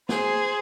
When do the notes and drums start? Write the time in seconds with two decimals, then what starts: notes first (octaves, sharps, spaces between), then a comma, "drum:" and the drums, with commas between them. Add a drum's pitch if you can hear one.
0.09 G#4 C5, drum: snare